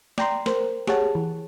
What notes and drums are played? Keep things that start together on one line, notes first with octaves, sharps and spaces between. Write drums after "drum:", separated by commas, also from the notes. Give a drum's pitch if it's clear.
D5 G5 A#5 C6, drum: snare
A#4 C5, drum: snare
G4 G#4 C#5 F#5 A5, drum: snare
E3